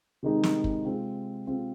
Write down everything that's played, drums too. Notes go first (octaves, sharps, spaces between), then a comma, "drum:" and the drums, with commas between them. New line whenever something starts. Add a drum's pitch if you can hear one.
C3 D#3 G#3 D#4
drum: snare
drum: kick
C3 G#3 C4 F4
C3 G#3 C4 F4